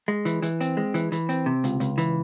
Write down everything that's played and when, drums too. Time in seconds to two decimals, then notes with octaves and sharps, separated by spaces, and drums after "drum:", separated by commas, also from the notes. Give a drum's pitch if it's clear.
0.08 G#3
0.25 E3, drum: hi-hat
0.42 E3, drum: hi-hat
0.61 C4, drum: hi-hat
0.77 G#3
0.94 E3, drum: hi-hat
1.12 E3, drum: hi-hat
1.29 C4, drum: hi-hat
1.46 C3
1.64 C#2, drum: hi-hat
1.80 C#2, drum: hi-hat
1.98 E3, drum: hi-hat